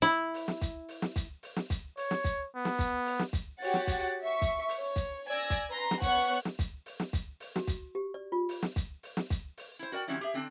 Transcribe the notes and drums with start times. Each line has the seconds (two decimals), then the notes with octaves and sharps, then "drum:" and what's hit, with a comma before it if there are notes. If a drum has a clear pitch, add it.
0.02 E4
0.34 drum: open hi-hat
0.48 drum: snare
0.61 drum: kick, hi-hat
0.89 drum: open hi-hat
1.02 drum: snare
1.16 drum: kick, hi-hat
1.43 drum: open hi-hat
1.56 drum: snare
1.70 drum: kick, hi-hat
1.97 C#5, drum: open hi-hat
2.11 drum: snare
2.24 drum: kick, hi-hat
2.55 B3
2.65 drum: snare
2.79 drum: kick, hi-hat
3.06 drum: open hi-hat
3.19 drum: snare
3.33 drum: kick, hi-hat
3.63 F#4 G4 C#5 F#5 A6, drum: open hi-hat
3.74 drum: snare
3.87 drum: kick, hi-hat
4.22 E5 C#6
4.42 drum: kick, hi-hat
4.69 drum: open hi-hat
4.79 C#5
4.96 drum: kick, hi-hat
5.28 D5 G#5 E6 G#6 A#6
5.50 drum: kick, hi-hat
5.70 B4 A#5 C6
5.91 drum: snare
6.02 B3 C#5 F#5 C#6 F#6, drum: kick, hi-hat
6.32 drum: open hi-hat
6.45 drum: snare
6.59 drum: kick, hi-hat
6.86 drum: open hi-hat
7.00 drum: snare
7.13 drum: kick, hi-hat
7.40 drum: open hi-hat
7.56 F#4, drum: snare
7.67 drum: kick, hi-hat
7.95 G4
8.14 D5
8.32 F4
8.49 drum: open hi-hat
8.62 drum: snare
8.76 drum: kick, hi-hat
9.03 drum: open hi-hat
9.17 drum: snare
9.30 drum: kick, hi-hat
9.57 drum: open hi-hat
9.79 E4 C5
9.92 F#4 A#4 D5 G5
10.08 D#3 F#3 G3 C4 C#4 E4
10.21 G4 G#4 E5
10.34 D3 C4 D4